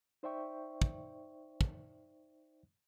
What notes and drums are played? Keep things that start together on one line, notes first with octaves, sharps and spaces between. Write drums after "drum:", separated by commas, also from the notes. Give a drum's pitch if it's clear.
D#4 C5 D5 E5 G5 C#6
drum: kick
drum: kick